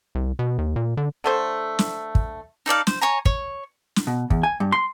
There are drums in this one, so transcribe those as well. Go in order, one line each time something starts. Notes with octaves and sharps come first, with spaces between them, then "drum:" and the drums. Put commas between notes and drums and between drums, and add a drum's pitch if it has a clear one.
C2
B2
D#2
A#2
D3
D3 A3 C5
drum: snare
drum: kick
D#4 A4 D5 F5
C5, drum: snare
C#5 G#5 A#5
C#5, drum: kick
drum: snare
B2
E2, drum: kick
G#5
G2
C6